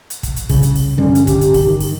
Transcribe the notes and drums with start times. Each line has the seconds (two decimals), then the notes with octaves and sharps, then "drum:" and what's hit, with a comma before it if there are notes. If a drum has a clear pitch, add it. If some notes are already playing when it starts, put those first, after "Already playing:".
0.10 drum: hi-hat
0.23 drum: kick, hi-hat
0.36 drum: hi-hat
0.49 C2 C#3, drum: kick, open hi-hat
0.63 drum: hi-hat
0.76 drum: open hi-hat
0.97 G2 D3 G3 C#4
1.15 drum: hi-hat
1.27 G4, drum: kick, hi-hat
1.41 drum: hi-hat
1.54 drum: kick, open hi-hat
1.64 D#3
1.81 drum: open hi-hat